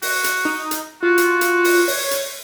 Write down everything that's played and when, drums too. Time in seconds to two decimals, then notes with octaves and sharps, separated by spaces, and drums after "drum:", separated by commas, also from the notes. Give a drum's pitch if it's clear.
0.02 F#4, drum: open hi-hat
0.24 drum: hi-hat
0.45 D#4
0.71 drum: hi-hat
1.03 F4 F#4
1.18 drum: hi-hat
1.41 drum: hi-hat
1.64 drum: open hi-hat
1.88 C#5, drum: open hi-hat
2.11 drum: hi-hat